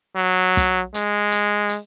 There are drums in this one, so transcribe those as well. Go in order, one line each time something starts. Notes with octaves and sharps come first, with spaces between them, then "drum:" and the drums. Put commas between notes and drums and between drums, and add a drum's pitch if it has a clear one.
F#3
drum: kick, hi-hat
G#3, drum: hi-hat
drum: hi-hat
drum: hi-hat